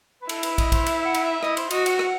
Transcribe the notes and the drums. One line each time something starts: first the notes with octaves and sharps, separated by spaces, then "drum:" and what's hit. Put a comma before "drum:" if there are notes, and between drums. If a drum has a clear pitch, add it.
B4
E4 A4, drum: cymbal
B4, drum: cymbal
D#5, drum: kick, cymbal
C5, drum: kick, cymbal
E5, drum: cymbal
F#5
drum: cymbal
E5
E4 D#5, drum: rim click
C5, drum: cymbal
F#4 D#5, drum: cymbal
F#5, drum: cymbal
F#5, drum: rim click